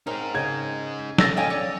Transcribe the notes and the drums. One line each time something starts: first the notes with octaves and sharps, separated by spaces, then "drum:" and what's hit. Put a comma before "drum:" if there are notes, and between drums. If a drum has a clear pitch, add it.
C4 C#4 D#4 G#4 A#4 F5
C#3 D#5 G5 G#6
A4 E6 A6 A#6, drum: snare
C#4 D#5 F5 G5 G#5
C#5 D5